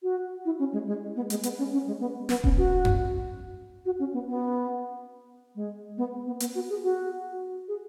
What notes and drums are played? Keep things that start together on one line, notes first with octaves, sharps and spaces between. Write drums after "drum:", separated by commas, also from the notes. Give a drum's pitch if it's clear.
F#4
E4
C#4
G#3
G#3
B3
G#3, drum: hi-hat
B3, drum: hi-hat
C#4
C#4
G#3
B3
B3, drum: snare
C#4, drum: kick D#1
F#4
drum: tom F2
F#4
C#4
B3
B3
G#3
B3
B3
B3, drum: hi-hat
F#4
G#4
F#4
G#4